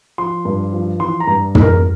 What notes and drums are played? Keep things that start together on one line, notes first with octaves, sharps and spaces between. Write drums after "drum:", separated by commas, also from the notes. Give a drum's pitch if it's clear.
F3 C6
G2
F3
E3 C6
A#5
G2
E3, drum: tom
A#4